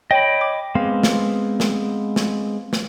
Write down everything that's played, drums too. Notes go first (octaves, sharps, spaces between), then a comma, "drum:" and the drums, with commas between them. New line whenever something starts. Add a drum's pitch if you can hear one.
C#5 D#5 G5 B5
D6
G#3 B3 C4 F5
drum: snare
drum: snare
drum: snare
drum: snare